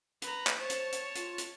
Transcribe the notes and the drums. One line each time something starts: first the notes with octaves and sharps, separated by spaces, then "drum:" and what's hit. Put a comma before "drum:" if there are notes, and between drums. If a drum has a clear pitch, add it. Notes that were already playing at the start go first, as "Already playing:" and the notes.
B4 A#5, drum: hi-hat
drum: clap
C5 C#5 A5
drum: hi-hat
drum: hi-hat
F4, drum: hi-hat
drum: hi-hat